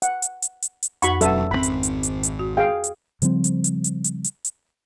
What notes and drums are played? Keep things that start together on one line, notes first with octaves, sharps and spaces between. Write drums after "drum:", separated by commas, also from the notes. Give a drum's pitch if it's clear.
F#5, drum: hi-hat
drum: hi-hat
drum: hi-hat
drum: hi-hat
drum: hi-hat
F2 F#4 B5 C#6, drum: hi-hat
E1 F#3 C#4 A4 B4 E5 F#5, drum: hi-hat
G#1 B2 C4 B5
drum: hi-hat
drum: hi-hat
drum: hi-hat
drum: hi-hat
F#4
G#4 F5 G5
drum: hi-hat
C#3 F3 G3 C4, drum: hi-hat
drum: hi-hat
drum: hi-hat
drum: hi-hat
drum: hi-hat
drum: hi-hat
drum: hi-hat